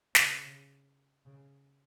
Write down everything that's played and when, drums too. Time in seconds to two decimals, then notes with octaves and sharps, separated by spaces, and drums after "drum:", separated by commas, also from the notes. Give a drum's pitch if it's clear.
0.15 C#3, drum: snare
1.26 C#3